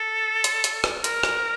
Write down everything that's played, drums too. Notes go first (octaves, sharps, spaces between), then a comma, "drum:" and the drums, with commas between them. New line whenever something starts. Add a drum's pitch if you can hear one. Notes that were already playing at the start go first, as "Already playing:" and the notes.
Already playing: A4
drum: hi-hat
drum: hi-hat
drum: rim click
A#4, drum: hi-hat
drum: rim click